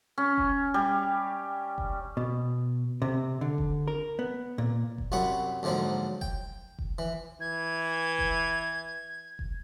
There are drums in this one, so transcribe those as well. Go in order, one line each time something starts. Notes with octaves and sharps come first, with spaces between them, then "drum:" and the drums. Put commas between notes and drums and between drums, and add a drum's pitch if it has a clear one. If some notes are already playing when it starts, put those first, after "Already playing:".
C#4
drum: kick F1
G3
drum: kick F1
B2
C3
D3
drum: kick F1
A#4
B3
A#2
drum: kick F1
C2 F#2 F4 F#4 F#5 B5
D2 G#2 F3 F#3 A#3
G5, drum: kick F1
drum: kick F1
E3
E3 G#6
drum: kick F1
drum: kick F1